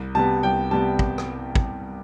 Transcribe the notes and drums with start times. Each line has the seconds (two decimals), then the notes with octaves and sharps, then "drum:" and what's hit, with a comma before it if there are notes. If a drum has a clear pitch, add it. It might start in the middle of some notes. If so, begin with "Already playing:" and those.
Already playing: C2
0.15 C3 G3 B3 A5
0.43 C2 G5
0.71 C3 G3 B3 A5
0.99 drum: kick
1.18 drum: rim click
1.55 drum: kick